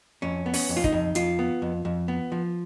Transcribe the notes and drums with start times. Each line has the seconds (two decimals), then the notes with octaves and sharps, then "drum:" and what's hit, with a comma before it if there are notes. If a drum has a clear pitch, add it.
0.22 F2 C#4
0.46 B3
0.53 C#4, drum: open hi-hat
0.69 F2
0.77 F4
0.84 D#4, drum: kick
0.92 F2
1.15 F2 F4, drum: hi-hat
1.39 B3
1.62 F2
1.85 F2
2.08 B3
2.32 F3